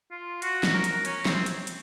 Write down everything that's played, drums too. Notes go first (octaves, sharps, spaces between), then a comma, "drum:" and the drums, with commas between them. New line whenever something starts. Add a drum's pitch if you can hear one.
F4
F#4, drum: hi-hat
drum: snare
A#4
drum: hi-hat
C#4, drum: hi-hat
C4, drum: snare
drum: hi-hat
drum: hi-hat